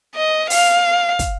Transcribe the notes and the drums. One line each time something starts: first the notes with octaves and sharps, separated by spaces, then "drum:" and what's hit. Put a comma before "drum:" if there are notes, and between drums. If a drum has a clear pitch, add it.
D#5
F5, drum: open hi-hat
drum: kick, hi-hat